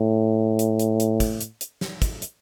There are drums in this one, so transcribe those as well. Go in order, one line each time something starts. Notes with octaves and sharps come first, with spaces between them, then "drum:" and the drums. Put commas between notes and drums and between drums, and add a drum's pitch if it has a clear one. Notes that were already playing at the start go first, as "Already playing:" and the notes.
Already playing: A2
drum: hi-hat
drum: hi-hat
drum: hi-hat
drum: kick, hi-hat
drum: hi-hat
drum: hi-hat
drum: snare
drum: kick, hi-hat
drum: hi-hat